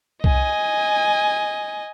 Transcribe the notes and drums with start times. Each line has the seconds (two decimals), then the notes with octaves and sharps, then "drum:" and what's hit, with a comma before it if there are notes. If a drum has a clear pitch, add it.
0.24 D#5 G#5, drum: kick C2